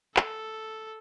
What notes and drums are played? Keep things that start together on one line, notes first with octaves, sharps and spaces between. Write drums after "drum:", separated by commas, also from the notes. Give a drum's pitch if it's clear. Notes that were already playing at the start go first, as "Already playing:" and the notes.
A4, drum: clap